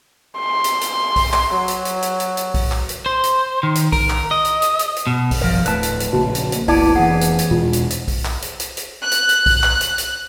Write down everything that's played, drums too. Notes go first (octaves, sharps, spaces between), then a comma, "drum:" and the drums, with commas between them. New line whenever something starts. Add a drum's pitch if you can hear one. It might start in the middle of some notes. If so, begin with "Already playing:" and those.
C6
drum: hi-hat
drum: hi-hat
drum: kick B1, open hi-hat
drum: clap
F#3
drum: hi-hat
drum: hi-hat
drum: hi-hat
drum: hi-hat
drum: hi-hat
drum: kick B1, open hi-hat
drum: clap
drum: hi-hat
C5
drum: hi-hat
D#3
drum: hi-hat
A#4, drum: kick B1, open hi-hat
drum: clap
D#5
drum: hi-hat
drum: hi-hat
drum: hi-hat
drum: hi-hat
B2
drum: kick B1, open hi-hat
G1 F3 A#4
D1 A2 B4 A5, drum: hi-hat
drum: hi-hat
drum: hi-hat
A#1 C#3 A#3 F#4
drum: hi-hat
drum: hi-hat
F1 A#3 B3 E4 D5 A5 G#6, drum: kick B1, open hi-hat
E3 B3 G#4 F#5
drum: hi-hat
drum: hi-hat
E2 B2 G#3 F4
drum: hi-hat
drum: hi-hat
drum: kick B1, open hi-hat
drum: clap
drum: hi-hat
drum: hi-hat
drum: hi-hat
F#6
drum: hi-hat
drum: hi-hat
drum: kick B1, open hi-hat
drum: clap
drum: hi-hat
drum: hi-hat